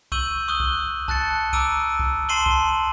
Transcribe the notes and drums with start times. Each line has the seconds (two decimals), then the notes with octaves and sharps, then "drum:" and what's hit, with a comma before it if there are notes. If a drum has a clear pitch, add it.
0.12 C#6 E6 G6 D#7 F#7, drum: kick B1
0.48 C#6 D#6 F#6 G7
0.60 drum: kick B1
1.08 A5 F#6 A6 C#7, drum: kick B1
1.53 A#5 D6 E6 D7 D#7, drum: kick B1
1.99 drum: kick B1
2.29 A5 C6 C7 D#7 F#7 G7
2.46 drum: kick B1